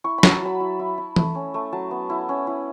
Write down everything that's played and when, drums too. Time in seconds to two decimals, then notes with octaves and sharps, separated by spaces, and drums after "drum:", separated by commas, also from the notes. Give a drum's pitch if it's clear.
0.04 E4 C#6
0.18 B5
0.23 F#3, drum: snare
0.32 A5
0.42 F#3 B5
0.60 E4
0.79 E4
0.98 E4
1.16 A3, drum: tom E3
1.35 C#4
1.54 A3
1.72 F#3 A5
1.91 B3
2.10 E4
2.29 C#4
2.47 E4